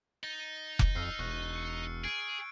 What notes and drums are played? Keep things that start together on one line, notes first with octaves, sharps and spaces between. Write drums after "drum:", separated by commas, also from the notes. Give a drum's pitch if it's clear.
D#4 A6
drum: kick F1
F2 E6 F6 C7
E1 C#6 F#6
C#6 C#7
G#4 G#6 D7